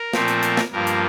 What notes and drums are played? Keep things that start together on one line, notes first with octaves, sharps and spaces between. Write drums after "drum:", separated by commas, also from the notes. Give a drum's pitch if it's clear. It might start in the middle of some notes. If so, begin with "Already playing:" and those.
Already playing: A#4
A#2 F3 A3 C4, drum: snare
drum: hi-hat
drum: hi-hat
drum: snare
G2 F3 A#3 A#4
drum: hi-hat